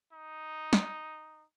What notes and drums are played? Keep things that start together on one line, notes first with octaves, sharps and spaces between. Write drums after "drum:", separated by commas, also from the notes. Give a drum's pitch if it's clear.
D#4
drum: snare